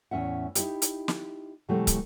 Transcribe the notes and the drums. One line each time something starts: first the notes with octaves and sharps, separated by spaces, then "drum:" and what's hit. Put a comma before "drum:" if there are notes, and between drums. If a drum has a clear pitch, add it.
E2 A2 C#4 E5 F#5
D#4 E4 G4, drum: hi-hat
drum: hi-hat
drum: snare
B2 E3 F#3 G#3 A3 G4
drum: kick, hi-hat